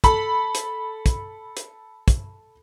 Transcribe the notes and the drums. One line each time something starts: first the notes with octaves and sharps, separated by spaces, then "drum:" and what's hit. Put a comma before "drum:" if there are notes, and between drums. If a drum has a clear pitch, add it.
A4 B5, drum: kick, hi-hat
drum: hi-hat
drum: kick, hi-hat
drum: hi-hat
drum: kick, hi-hat